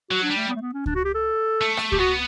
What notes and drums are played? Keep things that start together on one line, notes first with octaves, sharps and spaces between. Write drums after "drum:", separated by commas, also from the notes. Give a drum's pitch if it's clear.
F#3 F#4
D4
G3
A3
B3
A3
B3
C#4
D4, drum: kick C#2
F#4
G4
A4
A3
drum: rim click
G4, drum: kick C#2
B3 F#4